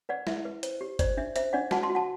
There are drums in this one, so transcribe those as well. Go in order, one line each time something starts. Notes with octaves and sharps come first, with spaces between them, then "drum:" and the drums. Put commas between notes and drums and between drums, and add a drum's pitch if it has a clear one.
B4 D5 F#5
E4 E5, drum: snare
B4
C5, drum: hi-hat
G4
C5 D5, drum: kick, hi-hat
D4 E5
C5 E5, drum: hi-hat
D4 D5 F#5
F#4 F#5 A5, drum: snare
A5 C6
F#4
F#5 A5